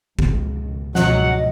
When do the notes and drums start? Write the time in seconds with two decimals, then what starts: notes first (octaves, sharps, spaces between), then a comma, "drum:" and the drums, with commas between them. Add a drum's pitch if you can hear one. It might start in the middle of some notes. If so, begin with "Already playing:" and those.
0.19 C#2, drum: kick
0.95 C#2 G#2 B2 F#3 D#5 F#5, drum: snare